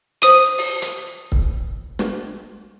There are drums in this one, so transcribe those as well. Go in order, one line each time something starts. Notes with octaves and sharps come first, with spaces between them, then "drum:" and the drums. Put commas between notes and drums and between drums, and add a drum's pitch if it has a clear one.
C5 D#6 D#7, drum: hi-hat
drum: open hi-hat
drum: hi-hat
drum: kick
drum: snare